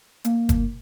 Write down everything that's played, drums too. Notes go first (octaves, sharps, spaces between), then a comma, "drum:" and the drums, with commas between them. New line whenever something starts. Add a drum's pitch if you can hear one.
A#3, drum: hi-hat
drum: kick, hi-hat